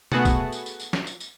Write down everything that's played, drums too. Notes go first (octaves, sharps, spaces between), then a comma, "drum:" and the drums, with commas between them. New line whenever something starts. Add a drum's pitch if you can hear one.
A3 B3 F#4 G#4 F#5 A5, drum: tom B2
drum: kick, tambourine
drum: tambourine
drum: tambourine
drum: tambourine
drum: snare
drum: tambourine
drum: tambourine